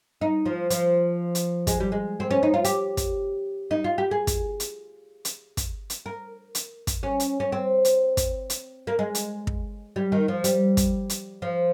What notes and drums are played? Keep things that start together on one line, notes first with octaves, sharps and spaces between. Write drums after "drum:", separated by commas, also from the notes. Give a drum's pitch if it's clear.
D#4
F3
F3, drum: hi-hat
drum: hi-hat
G#3, drum: kick, hi-hat
G3
G#3
C4
C#4
D#4
F4
G4, drum: hi-hat
drum: kick, hi-hat
D#4
F4
G4
G#4
drum: kick, hi-hat
drum: hi-hat
drum: hi-hat
drum: kick, hi-hat
drum: hi-hat
A#4
drum: hi-hat
drum: kick, hi-hat
C#4
drum: hi-hat
C#4
C4
drum: hi-hat
drum: kick, hi-hat
drum: hi-hat
A#3
G#3
drum: hi-hat
drum: kick
G3
D#3
F3
G3, drum: hi-hat
drum: kick, hi-hat
drum: hi-hat
F3